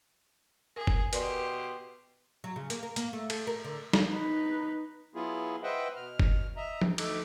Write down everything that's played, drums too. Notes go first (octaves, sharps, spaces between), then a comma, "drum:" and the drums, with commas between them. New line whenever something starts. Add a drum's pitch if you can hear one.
G#4 A#4
drum: kick F#1
B2 G4 A#4 B4 D5 C6, drum: hi-hat
F#3
C#3
A#3, drum: hi-hat
A#4
A#3, drum: hi-hat
A3
A4, drum: cymbal
A#4
D3
drum: snare
D#4 B4
F#3 B3 E4 F4 G#4
B4 C5 D#5 E5 F#5 G5
B2 F6
drum: kick F#1
D#5 E5 A#5
drum: tom F3
D2 A3 D#4 A4 D6 F#6, drum: cymbal